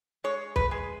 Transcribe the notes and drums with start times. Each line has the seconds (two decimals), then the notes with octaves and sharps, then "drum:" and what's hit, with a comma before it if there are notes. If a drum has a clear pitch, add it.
0.24 G#3 C#5
0.56 B4, drum: kick
0.71 G#3